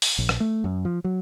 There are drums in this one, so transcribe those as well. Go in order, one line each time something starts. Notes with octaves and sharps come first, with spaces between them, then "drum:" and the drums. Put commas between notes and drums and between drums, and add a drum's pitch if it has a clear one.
drum: open hi-hat
A#1
drum: rim click
A3
F#2
F3
F#3